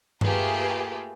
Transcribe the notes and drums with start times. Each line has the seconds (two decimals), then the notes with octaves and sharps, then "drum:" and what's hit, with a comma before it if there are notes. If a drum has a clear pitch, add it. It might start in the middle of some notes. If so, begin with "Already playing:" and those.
0.21 A3 A#3 F4 G4 G#4 B4, drum: tom G2